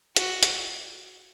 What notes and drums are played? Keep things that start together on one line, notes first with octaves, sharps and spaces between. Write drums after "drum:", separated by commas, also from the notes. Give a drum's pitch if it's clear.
F#4, drum: hi-hat
drum: hi-hat